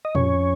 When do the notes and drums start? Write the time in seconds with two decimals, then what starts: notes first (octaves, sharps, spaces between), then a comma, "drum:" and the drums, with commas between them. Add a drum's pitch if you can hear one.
0.05 D#5
0.15 F2 C#4 C#5, drum: tom A2